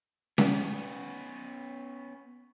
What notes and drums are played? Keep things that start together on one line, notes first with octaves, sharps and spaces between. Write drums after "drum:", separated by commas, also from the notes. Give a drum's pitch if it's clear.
B3 C#4, drum: snare C#4